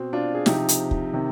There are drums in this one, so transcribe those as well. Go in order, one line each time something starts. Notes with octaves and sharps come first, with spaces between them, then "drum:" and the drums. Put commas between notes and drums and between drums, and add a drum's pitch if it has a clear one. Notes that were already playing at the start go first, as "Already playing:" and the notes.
Already playing: B2 C4
D4 F4
G#4
C3 F3 D#4 G4, drum: snare
drum: hi-hat
drum: kick
C3 D#3